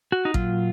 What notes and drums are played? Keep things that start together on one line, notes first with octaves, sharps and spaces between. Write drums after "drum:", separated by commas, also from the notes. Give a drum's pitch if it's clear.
F#4
D#4
A#2 F#3 F4, drum: kick A1